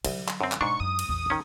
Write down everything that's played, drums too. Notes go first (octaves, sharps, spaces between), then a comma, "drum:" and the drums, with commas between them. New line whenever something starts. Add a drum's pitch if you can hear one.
C2 D3 F#3, drum: cymbal
drum: clap
F#2 C4
drum: clap
G#2 B2 D4 C#6
F#2 D#6
drum: cymbal
A#1 E2
D#3 C#4